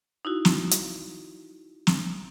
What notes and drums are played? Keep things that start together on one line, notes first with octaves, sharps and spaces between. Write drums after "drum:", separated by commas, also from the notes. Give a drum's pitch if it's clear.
D#4 E4 F#4
drum: snare
drum: hi-hat
drum: snare